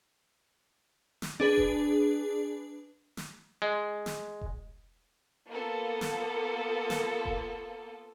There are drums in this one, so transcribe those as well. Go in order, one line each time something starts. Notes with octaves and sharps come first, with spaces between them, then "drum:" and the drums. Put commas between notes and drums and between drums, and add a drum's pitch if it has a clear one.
drum: snare
D4 G#4 B4
drum: kick E1
drum: snare
G#3
drum: snare
drum: kick E1
A#3 B3 F4 A4
drum: snare
drum: snare
drum: kick E1